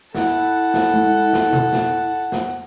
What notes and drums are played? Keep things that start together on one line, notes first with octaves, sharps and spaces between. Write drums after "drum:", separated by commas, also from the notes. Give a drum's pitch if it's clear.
E4 A4 F#5, drum: snare
drum: snare
drum: tom G#3
drum: snare
drum: tom B2
drum: snare
drum: snare